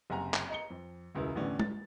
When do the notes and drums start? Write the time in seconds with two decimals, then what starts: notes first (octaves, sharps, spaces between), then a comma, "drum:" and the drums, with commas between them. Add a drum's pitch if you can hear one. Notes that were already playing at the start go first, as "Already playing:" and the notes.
0.10 F#1 C3 C4 F#5 G#5 A#5
0.34 drum: clap
0.50 D#5 A#5 C#7 G7
0.70 F2
1.15 E1 C#2 C#3 E4 A#4
1.35 A1 E2 A2 D3 C#4 D5
1.59 A6, drum: tom